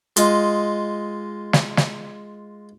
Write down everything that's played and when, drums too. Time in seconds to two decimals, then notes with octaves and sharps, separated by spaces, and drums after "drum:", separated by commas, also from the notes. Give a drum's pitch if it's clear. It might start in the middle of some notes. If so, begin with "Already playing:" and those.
0.16 G#3 F4 D#5, drum: hi-hat
1.53 drum: snare
1.77 drum: snare